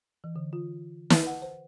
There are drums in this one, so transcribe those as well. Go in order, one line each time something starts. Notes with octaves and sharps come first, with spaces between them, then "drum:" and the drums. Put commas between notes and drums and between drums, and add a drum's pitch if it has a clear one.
E3
D3
F4
B4, drum: snare
F#5
C5